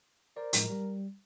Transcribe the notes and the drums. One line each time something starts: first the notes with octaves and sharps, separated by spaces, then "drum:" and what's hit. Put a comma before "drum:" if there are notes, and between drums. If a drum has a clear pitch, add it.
A#4 C5 D5
A2 F3 G#3, drum: hi-hat
G3